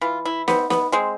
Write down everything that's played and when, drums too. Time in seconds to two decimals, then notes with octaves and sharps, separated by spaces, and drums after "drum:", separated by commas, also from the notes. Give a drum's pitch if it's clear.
0.01 E3 F4
0.25 E4
0.48 B3 C4, drum: snare
0.70 B3, drum: snare
0.92 G#3 C4